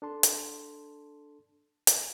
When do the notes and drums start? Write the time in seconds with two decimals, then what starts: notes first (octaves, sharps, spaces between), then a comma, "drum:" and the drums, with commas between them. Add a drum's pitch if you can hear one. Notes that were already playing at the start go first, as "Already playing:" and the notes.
0.02 D4 A4 A5 C6
0.23 drum: hi-hat
1.87 drum: hi-hat